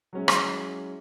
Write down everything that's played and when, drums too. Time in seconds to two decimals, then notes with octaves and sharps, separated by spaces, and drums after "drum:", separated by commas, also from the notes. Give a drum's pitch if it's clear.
0.13 F#3 G#3 C#4 E4
0.28 drum: rim click